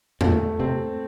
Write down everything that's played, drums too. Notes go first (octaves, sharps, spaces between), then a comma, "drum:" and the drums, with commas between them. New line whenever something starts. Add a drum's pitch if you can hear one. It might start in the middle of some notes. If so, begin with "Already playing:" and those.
A#2 A3, drum: tom E2
C3 C4